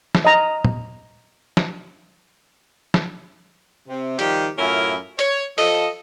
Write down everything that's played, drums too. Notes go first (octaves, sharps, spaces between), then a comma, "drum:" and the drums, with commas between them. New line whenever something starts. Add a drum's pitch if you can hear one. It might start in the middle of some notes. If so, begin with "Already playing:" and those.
drum: snare
D#5 A#5
drum: tom
drum: snare
drum: snare
C3
D#3 F3 G3 G4, drum: hi-hat
F#2 A2 C#4 E4 F4 A#4
C#5, drum: hi-hat
F3 A4 D#5, drum: open hi-hat